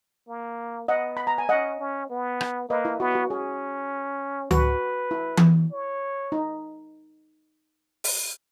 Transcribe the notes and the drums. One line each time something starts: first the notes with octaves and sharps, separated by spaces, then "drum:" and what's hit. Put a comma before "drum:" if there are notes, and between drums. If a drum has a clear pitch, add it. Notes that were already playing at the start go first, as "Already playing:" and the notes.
A#3
B3 D#5 F#5
B5
A#5
G#5
C#4 D#5 F#5
C#4
B3
drum: rim click
A#3 B4 D#5
E4
B3 F#4
F#4
C#4 G#4
F#4 B4, drum: tom C#2
E4
drum: tom E3
C#5
D#4
drum: open hi-hat